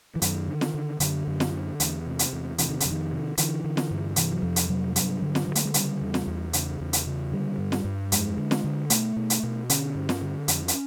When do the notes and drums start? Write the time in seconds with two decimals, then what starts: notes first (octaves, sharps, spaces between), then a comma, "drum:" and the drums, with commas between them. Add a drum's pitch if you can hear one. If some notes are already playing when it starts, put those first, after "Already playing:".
0.16 E3
0.22 F#2 D#3, drum: hi-hat
0.48 D3
0.61 drum: snare
0.74 D3
1.00 F#2 D3, drum: hi-hat
1.27 F#2
1.40 drum: snare
1.53 D3
1.80 E2, drum: hi-hat
2.06 C3
2.19 drum: hi-hat
2.33 E2
2.58 C3 E3, drum: hi-hat
2.69 D#3
2.80 F2 D3, drum: hi-hat
2.91 D#3
3.12 C3
3.38 D3 E3, drum: hi-hat
3.64 D3
3.77 drum: snare
3.91 G2
4.16 C3 E3, drum: hi-hat
4.31 F#3
4.43 F2 F3
4.56 drum: hi-hat
4.69 C3 F#3
4.96 G2 F#3, drum: hi-hat
5.22 D3
5.35 drum: snare
5.48 D3
5.55 A3, drum: hi-hat
5.65 G#3
5.74 C#3 G3, drum: hi-hat
6.01 E2
6.14 drum: snare
6.27 E2
6.53 C#3, drum: hi-hat
6.80 E2
6.93 drum: hi-hat
7.07 C#3
7.32 D3 G3
7.58 G2
7.72 drum: snare
7.85 G2
8.12 F2 G#3, drum: hi-hat
8.37 D3
8.51 drum: snare
8.64 D3
8.90 B2 A3, drum: hi-hat
9.16 B2
9.30 drum: hi-hat
9.43 B2
9.70 D3 C#4, drum: hi-hat
9.95 G2
10.09 drum: snare
10.22 D3
10.48 F2, drum: hi-hat
10.68 drum: hi-hat